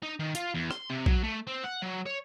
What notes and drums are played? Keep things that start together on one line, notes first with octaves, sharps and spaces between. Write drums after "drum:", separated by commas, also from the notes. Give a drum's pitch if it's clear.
D#4
D#3
F4, drum: hi-hat
E2
C6, drum: rim click
C3
F#3, drum: kick A#1
A3
C4
F#5
F#3
C#5